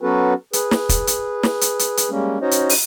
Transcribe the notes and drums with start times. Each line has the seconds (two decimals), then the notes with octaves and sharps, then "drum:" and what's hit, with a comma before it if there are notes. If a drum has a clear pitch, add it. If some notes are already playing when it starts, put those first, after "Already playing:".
0.01 F#3 B3 C#4 F#4 A4 B4
0.53 G#4 B4, drum: hi-hat
0.71 drum: snare
0.89 drum: kick, hi-hat
1.07 drum: hi-hat
1.43 drum: snare
1.61 drum: hi-hat
1.79 drum: hi-hat
1.97 drum: hi-hat
2.10 G3 G#3 A#3 C#4
2.41 C#4 D#4 F#4 C5 C#5 D#5
2.51 drum: hi-hat
2.69 drum: open hi-hat